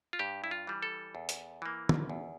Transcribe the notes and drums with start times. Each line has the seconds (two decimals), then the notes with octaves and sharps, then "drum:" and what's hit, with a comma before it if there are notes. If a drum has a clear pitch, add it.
0.13 F4
0.19 G2 G4
0.44 E4
0.51 F4
0.67 E3 G3
0.83 A4
1.15 E2
1.29 drum: hi-hat
1.62 E3 A#3
1.89 drum: tom
2.09 E2